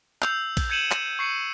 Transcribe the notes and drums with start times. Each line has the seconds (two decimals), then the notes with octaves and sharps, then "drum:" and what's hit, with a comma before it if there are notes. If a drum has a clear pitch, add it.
0.22 E6 G6 C7 F7, drum: clap
0.57 drum: kick A#1, cymbal
0.70 G6 G#6 C#7 D#7 E7 F#7
0.91 drum: clap
1.19 C#6 C7 C#7 D#7